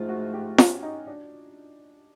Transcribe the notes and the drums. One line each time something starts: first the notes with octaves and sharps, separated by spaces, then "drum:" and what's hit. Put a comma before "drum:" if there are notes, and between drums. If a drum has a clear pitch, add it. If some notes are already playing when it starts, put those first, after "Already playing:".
Already playing: G#2 F3 A3 F4
F#4
G4
C#4, drum: snare
D#4
D4